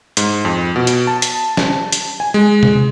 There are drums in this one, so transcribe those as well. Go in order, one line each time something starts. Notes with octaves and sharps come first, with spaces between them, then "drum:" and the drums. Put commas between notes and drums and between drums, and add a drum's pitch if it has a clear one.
G#2, drum: hi-hat
F2
B2
drum: hi-hat
A5
drum: hi-hat
drum: snare
drum: hi-hat
G#5
G#3
drum: tom C3